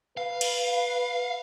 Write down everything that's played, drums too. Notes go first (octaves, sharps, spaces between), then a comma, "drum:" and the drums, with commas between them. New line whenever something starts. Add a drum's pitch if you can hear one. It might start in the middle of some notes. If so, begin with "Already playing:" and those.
B4 F5
drum: cymbal